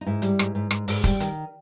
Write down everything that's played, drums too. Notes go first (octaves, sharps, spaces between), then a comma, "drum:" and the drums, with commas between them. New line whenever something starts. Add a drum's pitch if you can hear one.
D#4
G#2 E4
G3, drum: hi-hat
G#2, drum: rim click
G#2
G#2, drum: rim click
G#2, drum: open hi-hat
G3, drum: kick, hi-hat
D#3, drum: hi-hat